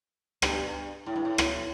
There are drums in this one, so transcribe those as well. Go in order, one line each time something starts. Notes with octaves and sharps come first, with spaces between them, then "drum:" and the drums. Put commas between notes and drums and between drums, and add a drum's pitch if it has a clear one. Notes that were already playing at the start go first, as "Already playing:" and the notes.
G2 G4, drum: rim click
A2 E4
G2
A2
drum: rim click